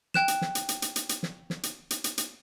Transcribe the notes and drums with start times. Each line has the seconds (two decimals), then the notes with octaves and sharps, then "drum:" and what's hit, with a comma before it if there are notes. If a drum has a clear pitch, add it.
0.14 G5 F#6 E7, drum: snare
0.28 drum: hi-hat
0.41 drum: snare
0.55 drum: hi-hat
0.69 drum: hi-hat
0.82 drum: hi-hat
0.96 drum: hi-hat
1.09 drum: hi-hat
1.23 drum: snare
1.50 drum: snare
1.63 drum: hi-hat
1.90 drum: hi-hat
2.04 drum: hi-hat
2.18 drum: hi-hat